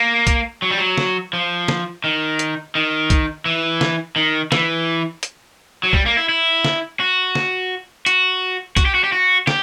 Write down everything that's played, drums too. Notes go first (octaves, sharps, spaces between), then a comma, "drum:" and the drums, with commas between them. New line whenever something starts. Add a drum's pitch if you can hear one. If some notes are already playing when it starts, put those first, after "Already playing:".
Already playing: A#3
drum: kick, hi-hat
F#3
G3
F#3
drum: snare
F3
drum: snare
D#3
drum: hi-hat
D#3
drum: kick, hi-hat
E3
drum: snare
D#3
E3, drum: snare
drum: hi-hat
F#3
G3, drum: kick
A#3
E4
E4
drum: snare
F#4
drum: snare
F#4, drum: hi-hat
F#4, drum: kick, hi-hat
G4
F#4
G4
F#4
G4, drum: snare